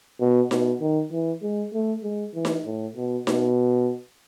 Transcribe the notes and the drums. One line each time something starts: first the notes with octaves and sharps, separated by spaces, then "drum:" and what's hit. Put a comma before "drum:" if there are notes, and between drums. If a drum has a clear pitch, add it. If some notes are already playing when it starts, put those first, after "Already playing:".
B2
B2, drum: snare D#4
D#3
E3
G#3
A3
G#3
E3
drum: snare D#4
A2
B2
B2, drum: snare D#4